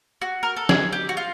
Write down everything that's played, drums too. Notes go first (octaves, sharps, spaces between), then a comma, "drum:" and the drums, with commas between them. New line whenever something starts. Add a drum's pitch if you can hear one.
F#4
A#4
A4
G#4, drum: snare
G4
F#4
F4